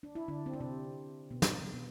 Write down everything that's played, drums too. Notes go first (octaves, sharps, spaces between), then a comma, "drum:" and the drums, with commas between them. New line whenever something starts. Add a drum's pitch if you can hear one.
D4
E4
D3 D4
C4
D4
C3 C4
B2 B3
drum: snare
B2 B3